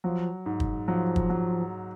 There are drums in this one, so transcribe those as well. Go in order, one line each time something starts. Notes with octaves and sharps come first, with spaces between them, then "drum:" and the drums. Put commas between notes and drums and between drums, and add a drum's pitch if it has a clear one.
F3 F#3
G#2
drum: kick
F3 F#3
drum: kick
F#3